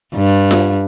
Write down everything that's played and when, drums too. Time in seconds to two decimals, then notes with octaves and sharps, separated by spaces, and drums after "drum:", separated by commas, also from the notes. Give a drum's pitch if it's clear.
0.14 G2
0.51 drum: snare F4